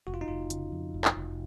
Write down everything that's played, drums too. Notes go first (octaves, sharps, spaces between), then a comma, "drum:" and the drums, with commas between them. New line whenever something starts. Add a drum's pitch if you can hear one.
F1 F#4
F4
D#4
F1 F4
C#3, drum: hi-hat
F2
F1
drum: clap
F1